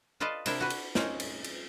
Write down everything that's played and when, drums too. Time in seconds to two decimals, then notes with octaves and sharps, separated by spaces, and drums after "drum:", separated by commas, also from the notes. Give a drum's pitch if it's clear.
0.20 F4 A4 B4 D5 D#5 F5
0.46 C3 D4 E4 A#4 E5 G5, drum: cymbal
0.60 F#4 B4
0.70 drum: cymbal
0.95 C4 C#4 D#4, drum: snare
1.20 drum: cymbal
1.44 drum: cymbal